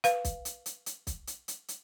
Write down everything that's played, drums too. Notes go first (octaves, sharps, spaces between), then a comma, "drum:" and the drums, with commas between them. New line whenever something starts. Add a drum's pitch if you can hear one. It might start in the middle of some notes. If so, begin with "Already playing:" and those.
B4 F5, drum: hi-hat
drum: kick, hi-hat
drum: hi-hat
drum: hi-hat
drum: hi-hat
drum: kick, hi-hat
drum: hi-hat
drum: hi-hat
drum: hi-hat